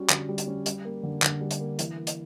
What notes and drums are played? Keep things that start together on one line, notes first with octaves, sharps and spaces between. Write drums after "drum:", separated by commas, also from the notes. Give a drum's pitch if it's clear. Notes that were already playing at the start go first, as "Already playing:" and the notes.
Already playing: G3 C#4 F#4
D3, drum: clap
G3
drum: hi-hat
C#4
G3, drum: hi-hat
A#3
D3
D3, drum: clap
G3
drum: hi-hat
A#3
E3, drum: hi-hat
A#3
drum: hi-hat